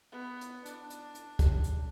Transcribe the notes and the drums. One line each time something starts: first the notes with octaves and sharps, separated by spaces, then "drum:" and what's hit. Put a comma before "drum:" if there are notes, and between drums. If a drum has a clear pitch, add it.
B3
drum: hi-hat
D4, drum: hi-hat
drum: hi-hat
drum: hi-hat
drum: kick, hi-hat
drum: hi-hat